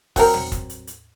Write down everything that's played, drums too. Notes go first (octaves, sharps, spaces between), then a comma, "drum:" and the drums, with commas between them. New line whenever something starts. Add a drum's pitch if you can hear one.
F#3 C4 A#4, drum: kick, open hi-hat
drum: tom
drum: kick, hi-hat
drum: hi-hat
drum: hi-hat